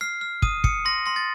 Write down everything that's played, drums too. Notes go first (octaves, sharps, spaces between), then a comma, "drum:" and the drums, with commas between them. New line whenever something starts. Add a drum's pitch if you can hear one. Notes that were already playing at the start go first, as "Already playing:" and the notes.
F6 C7
F6
D#6 D#7, drum: kick
D#6 C#7, drum: kick
C6 A#6
C6 A#6
A6